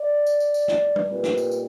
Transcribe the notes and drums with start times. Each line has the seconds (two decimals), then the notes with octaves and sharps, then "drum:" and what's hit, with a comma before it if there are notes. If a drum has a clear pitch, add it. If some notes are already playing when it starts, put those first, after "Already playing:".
Already playing: D5
0.26 drum: tambourine
0.40 drum: tambourine
0.54 drum: tambourine
0.68 drum: snare
0.96 drum: tom G3
1.10 A#2 G3 C4 D#4 B4
1.24 drum: snare
1.38 drum: tambourine
1.51 drum: tambourine